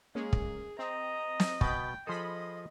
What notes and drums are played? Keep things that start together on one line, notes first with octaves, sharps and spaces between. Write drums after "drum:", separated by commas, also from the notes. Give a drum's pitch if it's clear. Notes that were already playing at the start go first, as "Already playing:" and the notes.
G#3 A#3 C#4 G#4
drum: kick
C4 D#5 A#5
drum: snare
B2 B3 G5 B5 G6 A6, drum: kick
F3 G#4 A4 D#5 B5 C6 D#6